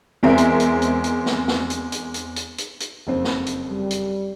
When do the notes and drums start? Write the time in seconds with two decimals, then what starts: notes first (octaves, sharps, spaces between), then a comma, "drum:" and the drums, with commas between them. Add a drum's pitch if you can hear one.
0.23 E2 G#3 C4 A#4 E5
0.38 drum: hi-hat
0.60 drum: hi-hat
0.82 drum: hi-hat
1.04 drum: hi-hat
1.26 drum: snare
1.48 drum: snare
1.70 drum: hi-hat
1.92 drum: hi-hat
2.14 drum: hi-hat
2.36 drum: hi-hat
2.58 drum: hi-hat
2.80 drum: hi-hat
3.07 F#1 F2 C4
3.24 drum: snare
3.46 drum: hi-hat
3.69 G3
3.91 drum: hi-hat